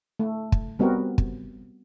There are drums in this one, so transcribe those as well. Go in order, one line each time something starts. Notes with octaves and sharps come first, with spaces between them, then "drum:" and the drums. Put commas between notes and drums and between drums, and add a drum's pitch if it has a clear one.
A3
drum: kick
G3 B3 C4 F#4 A#4
drum: kick